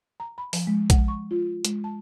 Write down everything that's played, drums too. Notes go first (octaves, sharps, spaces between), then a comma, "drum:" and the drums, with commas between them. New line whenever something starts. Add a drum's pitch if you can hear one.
A#5
B5
F3, drum: open hi-hat
G#3
F#5, drum: kick, hi-hat
C#6
F4
G#3, drum: hi-hat
A5